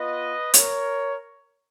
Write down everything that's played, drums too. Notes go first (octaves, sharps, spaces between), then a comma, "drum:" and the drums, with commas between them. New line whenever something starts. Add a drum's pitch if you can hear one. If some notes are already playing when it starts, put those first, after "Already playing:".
Already playing: B3 F4 B4 D#5
A#4 C#5, drum: hi-hat